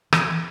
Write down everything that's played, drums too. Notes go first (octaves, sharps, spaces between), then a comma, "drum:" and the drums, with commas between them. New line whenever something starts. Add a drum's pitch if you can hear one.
E3, drum: rim click